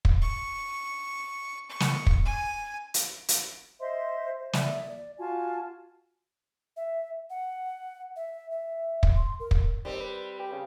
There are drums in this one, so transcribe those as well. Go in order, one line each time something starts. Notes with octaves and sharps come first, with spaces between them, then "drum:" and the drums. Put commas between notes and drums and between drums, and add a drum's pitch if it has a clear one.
drum: kick
C#6
C#6
drum: snare
drum: kick
G#5
drum: hi-hat
drum: hi-hat
C5 D#5 E5 C6
C5
D5 E5, drum: snare
D5
F4 F#4 G#5 A5
E5
F#5
E5
E5
drum: kick
C6
A#4
drum: kick
D#2 G3 C4
B4
G4
C#3